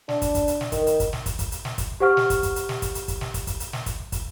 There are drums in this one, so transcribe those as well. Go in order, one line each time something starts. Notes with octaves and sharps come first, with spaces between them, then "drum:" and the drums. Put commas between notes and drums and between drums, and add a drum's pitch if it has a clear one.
D4, drum: snare
drum: kick, hi-hat
drum: kick, hi-hat
drum: hi-hat
drum: snare
D#3, drum: kick, hi-hat
drum: hi-hat
drum: kick, hi-hat
drum: snare
drum: kick, hi-hat
drum: kick, hi-hat
drum: hi-hat
drum: snare
drum: kick, hi-hat
G4 C5 F#5 C#6 F6
drum: snare
drum: kick, hi-hat
drum: kick, hi-hat
drum: hi-hat
drum: snare
drum: kick, hi-hat
drum: hi-hat
drum: kick, hi-hat
drum: snare
drum: kick, hi-hat
drum: kick, hi-hat
drum: hi-hat
drum: snare
drum: kick, hi-hat
drum: kick, hi-hat